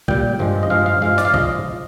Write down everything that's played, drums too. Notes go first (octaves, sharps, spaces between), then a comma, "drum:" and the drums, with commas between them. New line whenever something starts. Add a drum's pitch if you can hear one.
A#2 G3 G5, drum: kick
G2 F3 G#3
D#5
G2 F3 G#3 F5
F5
G2 F3 G#3 F5
D5, drum: snare
F5
F3 G#3 D#5, drum: kick